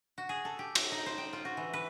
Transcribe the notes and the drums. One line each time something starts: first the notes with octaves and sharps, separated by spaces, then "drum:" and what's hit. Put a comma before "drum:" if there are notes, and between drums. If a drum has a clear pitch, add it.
F#4
G#4
A4
G4
G5, drum: cymbal
D#4
C5
G5
F4
F#4
E3
B4